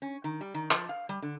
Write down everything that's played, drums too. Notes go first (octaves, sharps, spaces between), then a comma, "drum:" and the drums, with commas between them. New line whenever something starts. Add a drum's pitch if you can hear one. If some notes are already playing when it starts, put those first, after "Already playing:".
C#4
D#3
G3
D#3
F3, drum: clap
F5
G3
D3